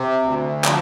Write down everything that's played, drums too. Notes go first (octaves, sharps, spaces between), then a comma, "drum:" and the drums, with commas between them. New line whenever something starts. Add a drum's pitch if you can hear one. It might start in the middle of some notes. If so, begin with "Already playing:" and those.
Already playing: C3
D2
F3, drum: clap